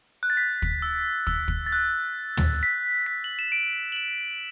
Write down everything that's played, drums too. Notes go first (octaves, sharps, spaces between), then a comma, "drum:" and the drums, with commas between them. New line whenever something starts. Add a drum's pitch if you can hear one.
F#6
A6
B6
drum: kick
E6
E6, drum: kick
drum: kick
A6
F#6
drum: tom
B6
B6
F#7
E7
D7
F#7
E7